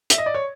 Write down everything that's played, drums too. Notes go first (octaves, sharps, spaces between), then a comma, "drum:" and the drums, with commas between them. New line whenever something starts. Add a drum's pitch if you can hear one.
E5, drum: hi-hat
D#5
D5
C#5